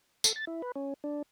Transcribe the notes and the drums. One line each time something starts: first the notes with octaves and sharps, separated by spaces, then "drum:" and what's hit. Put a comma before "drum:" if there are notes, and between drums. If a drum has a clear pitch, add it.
A4, drum: tambourine
A6
E4
B4
C#4
D4